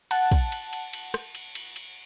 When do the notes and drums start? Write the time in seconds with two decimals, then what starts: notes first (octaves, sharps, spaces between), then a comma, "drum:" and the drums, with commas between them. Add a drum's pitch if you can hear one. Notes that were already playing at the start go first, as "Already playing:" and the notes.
0.11 F#5 A5, drum: cymbal
0.31 drum: kick, cymbal
0.52 drum: cymbal
0.73 drum: cymbal
0.93 drum: cymbal
1.14 drum: rim click
1.35 drum: cymbal
1.55 drum: cymbal
1.76 drum: cymbal